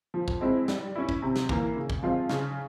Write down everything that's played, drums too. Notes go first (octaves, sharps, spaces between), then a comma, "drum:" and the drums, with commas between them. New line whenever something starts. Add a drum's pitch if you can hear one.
F3
drum: kick
G#3 C4 E4
G3, drum: snare
C#4 E4
drum: kick
C3
drum: snare
E3 A#3, drum: kick
C#3
drum: kick
F3 G#3 C4 F4
C#3, drum: snare